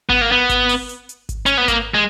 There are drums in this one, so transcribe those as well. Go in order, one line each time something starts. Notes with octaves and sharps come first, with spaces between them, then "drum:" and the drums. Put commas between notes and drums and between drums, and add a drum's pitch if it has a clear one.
B3, drum: kick G#1
A#3
B3
drum: kick G#1, hi-hat
drum: open hi-hat
drum: hi-hat
drum: hi-hat
drum: kick G#1, hi-hat
C#4, drum: hi-hat
B3
A#3, drum: kick G#1, hi-hat
G#3